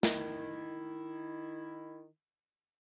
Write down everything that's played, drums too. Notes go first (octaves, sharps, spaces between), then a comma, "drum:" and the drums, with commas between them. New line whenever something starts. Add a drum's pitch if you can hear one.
D#3 E4, drum: snare